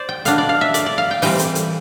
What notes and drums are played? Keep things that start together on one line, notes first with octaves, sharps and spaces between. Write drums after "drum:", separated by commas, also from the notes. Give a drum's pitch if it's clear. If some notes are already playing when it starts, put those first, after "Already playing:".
Already playing: C5 D5
G5
B2 B3 D4 F5, drum: hi-hat
D5
F5
E5
D5, drum: hi-hat
D5
F5
G5
E3 G3 C4 G5, drum: open hi-hat
drum: hi-hat
drum: hi-hat